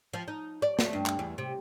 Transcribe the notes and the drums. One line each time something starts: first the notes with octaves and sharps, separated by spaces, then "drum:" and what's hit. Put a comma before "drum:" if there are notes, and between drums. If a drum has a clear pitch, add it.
F3
D#4
D5
A3, drum: snare
G2
drum: clap
E2
C3